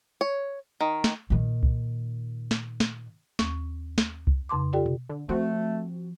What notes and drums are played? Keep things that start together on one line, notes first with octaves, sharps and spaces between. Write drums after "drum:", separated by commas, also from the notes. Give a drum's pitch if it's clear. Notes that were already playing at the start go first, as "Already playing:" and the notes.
C#5
D#3
drum: snare
A#2 D#3
drum: kick C2
drum: snare
drum: snare
D#2 C#6, drum: snare
drum: snare
drum: kick C2
F2 C#3 A5 C6 D6
F4 G4 A4 D5 G5
drum: tom B2
D3
F3 A3 C4 F#4